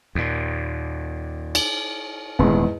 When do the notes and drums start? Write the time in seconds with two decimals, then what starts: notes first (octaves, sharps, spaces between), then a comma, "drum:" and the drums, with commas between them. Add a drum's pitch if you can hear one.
0.15 D#2 A#2
1.55 drum: cymbal
2.39 D#1 E2 G#2